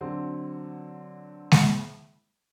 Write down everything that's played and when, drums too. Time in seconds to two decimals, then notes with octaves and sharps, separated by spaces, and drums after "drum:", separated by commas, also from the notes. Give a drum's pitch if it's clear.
0.01 D3 F#3 C4
1.51 drum: snare G#3